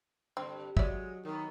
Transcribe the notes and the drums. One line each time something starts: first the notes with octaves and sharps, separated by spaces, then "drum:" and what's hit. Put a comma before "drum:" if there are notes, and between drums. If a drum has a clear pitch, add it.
G2 D3 C4
F#3 G#3 D5 E5, drum: kick
D#3 F#3 B3